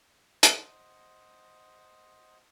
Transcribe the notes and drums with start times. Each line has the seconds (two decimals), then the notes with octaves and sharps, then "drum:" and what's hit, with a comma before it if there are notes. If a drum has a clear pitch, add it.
0.43 C5 D#5 F#5, drum: hi-hat